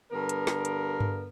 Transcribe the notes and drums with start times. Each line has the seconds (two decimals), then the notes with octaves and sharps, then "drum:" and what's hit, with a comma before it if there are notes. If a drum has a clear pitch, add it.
0.12 G2 D3 B3 A#4
0.29 drum: hi-hat
0.47 drum: snare
0.65 drum: hi-hat
1.00 drum: tom G2